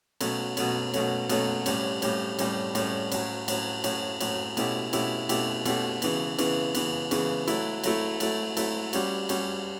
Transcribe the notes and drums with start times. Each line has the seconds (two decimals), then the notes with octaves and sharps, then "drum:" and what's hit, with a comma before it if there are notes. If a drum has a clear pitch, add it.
0.21 B2 F#3 A3 C#4, drum: cymbal
0.57 B2 F#3 A3 C#4, drum: cymbal
0.94 B2 F#3 A3 C#4, drum: cymbal
1.29 B2 F#3 A3 C#4, drum: cymbal
1.66 A2 G3 C#4, drum: cymbal
2.02 A2 G3 C#4, drum: cymbal
2.39 A2 G3 C#4, drum: cymbal
2.75 A2 G3 C#4, drum: cymbal
3.12 A2 F#3 C#4, drum: cymbal
3.48 A2 F#3 C#4, drum: cymbal
3.84 A2 F#3 C#4, drum: cymbal
4.20 A2 F#3 C#4, drum: cymbal
4.57 B2 A3 C#4 E4 G4, drum: cymbal
4.93 B2 A3 C#4 E4 G4, drum: cymbal
5.29 B2 A3 C#4 E4 G4, drum: cymbal
5.65 B2 A3 C#4 E4 G4, drum: cymbal
6.02 C#3 E3 B3, drum: cymbal
6.39 C#3 E3 B3, drum: cymbal
6.75 C#3 E3 B3, drum: cymbal
7.11 C#3 E3 B3, drum: cymbal
7.48 F#3 A3 E4, drum: cymbal
7.84 F#3 A3 E4, drum: cymbal
8.20 F#3 A3 E4, drum: cymbal
8.57 F#3 A3 E4, drum: cymbal
8.93 G3 C#4 F#4, drum: cymbal
9.29 G3 C#4 F#4, drum: cymbal